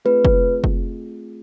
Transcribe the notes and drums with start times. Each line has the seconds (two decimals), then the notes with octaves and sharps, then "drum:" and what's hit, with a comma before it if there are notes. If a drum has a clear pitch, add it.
0.05 A3 C4 F4 G#4 B4
0.25 drum: kick
0.64 drum: kick